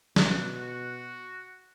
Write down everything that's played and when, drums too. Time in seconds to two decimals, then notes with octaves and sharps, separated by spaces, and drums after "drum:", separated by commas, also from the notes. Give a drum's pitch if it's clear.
0.16 B2 F#6, drum: snare
0.56 F#4